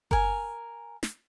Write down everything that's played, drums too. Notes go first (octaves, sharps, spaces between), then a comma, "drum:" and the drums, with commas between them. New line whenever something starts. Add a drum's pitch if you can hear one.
A#4 G#5, drum: kick F#1
drum: snare